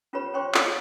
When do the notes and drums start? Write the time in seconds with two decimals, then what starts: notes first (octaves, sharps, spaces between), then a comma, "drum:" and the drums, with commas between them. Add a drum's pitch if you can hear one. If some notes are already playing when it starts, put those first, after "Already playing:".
0.13 C#4 F4 G4 B4 C#5 B5
0.33 C#4 C5 C#5 G5 C6 C#6
0.54 C#4 F4 F5, drum: clap